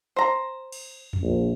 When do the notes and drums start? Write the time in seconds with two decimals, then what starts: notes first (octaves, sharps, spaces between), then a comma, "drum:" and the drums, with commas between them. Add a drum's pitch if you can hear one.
0.16 C5 A#5
0.72 drum: cymbal
1.13 drum: tom F2
1.23 A#1